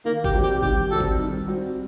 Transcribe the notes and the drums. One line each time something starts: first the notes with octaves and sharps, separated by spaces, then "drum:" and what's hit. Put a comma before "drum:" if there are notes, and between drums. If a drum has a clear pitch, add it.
D#3 A#3
G4, drum: kick G#1
G3 C4 F#4
G4
D#3 G4, drum: kick G#1
G3 C4 F#4 A4
drum: kick G#1
D#3
G3 C4 F#4